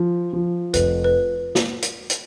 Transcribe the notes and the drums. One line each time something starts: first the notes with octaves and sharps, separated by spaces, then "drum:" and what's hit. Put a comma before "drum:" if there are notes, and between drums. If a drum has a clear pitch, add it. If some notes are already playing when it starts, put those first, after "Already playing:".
Already playing: F3
F3
F1 B4, drum: hi-hat
B4
drum: snare
drum: hi-hat
drum: hi-hat